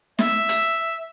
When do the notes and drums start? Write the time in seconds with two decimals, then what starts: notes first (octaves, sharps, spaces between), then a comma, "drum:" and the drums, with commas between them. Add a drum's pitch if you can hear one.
0.19 E5, drum: snare
0.49 drum: hi-hat